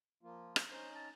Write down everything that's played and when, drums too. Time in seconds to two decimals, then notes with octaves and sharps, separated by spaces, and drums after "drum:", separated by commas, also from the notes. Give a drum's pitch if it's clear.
0.23 F3 A#3 F4
0.56 drum: rim click
0.71 C#4 D#4 C5 A#5
0.95 A5